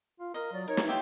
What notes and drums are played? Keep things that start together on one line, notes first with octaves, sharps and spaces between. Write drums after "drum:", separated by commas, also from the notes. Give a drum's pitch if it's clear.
F4
A#4 D#5 F5
F#3 D5
D#4 A#4 C#5
drum: snare
F4 G4 E5 G5